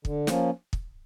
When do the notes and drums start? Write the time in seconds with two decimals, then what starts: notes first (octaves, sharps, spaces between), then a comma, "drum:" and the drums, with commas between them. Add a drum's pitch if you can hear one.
0.05 D3, drum: kick
0.27 F3 A#3 C#4, drum: snare
0.73 drum: kick